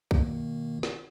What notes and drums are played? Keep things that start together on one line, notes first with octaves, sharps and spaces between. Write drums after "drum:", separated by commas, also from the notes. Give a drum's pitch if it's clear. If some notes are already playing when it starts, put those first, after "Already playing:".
B2 D#3 A#3, drum: kick B1
drum: snare